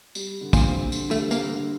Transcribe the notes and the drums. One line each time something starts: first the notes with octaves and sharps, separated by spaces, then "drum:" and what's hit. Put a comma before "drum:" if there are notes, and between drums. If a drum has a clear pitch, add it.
G3, drum: tambourine
D3
A#2, drum: kick, tambourine
C4
D3, drum: tambourine
A3, drum: tambourine
G3
A#3, drum: tambourine
D3